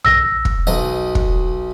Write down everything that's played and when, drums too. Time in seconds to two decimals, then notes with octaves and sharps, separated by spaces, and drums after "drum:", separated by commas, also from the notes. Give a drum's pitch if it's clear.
0.05 E6 A#6, drum: tom A#1
0.45 drum: kick
0.67 B1 D#5
1.15 drum: kick